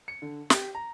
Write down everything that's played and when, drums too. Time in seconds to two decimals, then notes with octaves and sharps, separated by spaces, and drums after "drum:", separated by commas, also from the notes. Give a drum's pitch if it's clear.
0.08 C#7
0.22 D3
0.50 G4, drum: snare
0.75 A#5